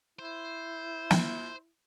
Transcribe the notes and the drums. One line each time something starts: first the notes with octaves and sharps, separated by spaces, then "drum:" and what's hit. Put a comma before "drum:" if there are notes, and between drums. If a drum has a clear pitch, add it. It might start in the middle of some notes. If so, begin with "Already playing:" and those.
E4 C5
drum: snare